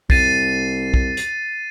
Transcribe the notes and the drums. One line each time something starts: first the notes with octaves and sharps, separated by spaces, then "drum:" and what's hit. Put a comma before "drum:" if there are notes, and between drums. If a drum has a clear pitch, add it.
C2 A6 C7 D#7, drum: kick
drum: kick
drum: hi-hat